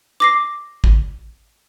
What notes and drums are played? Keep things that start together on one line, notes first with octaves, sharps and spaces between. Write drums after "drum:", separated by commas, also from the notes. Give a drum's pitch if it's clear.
D6 A#6 C7
drum: kick A1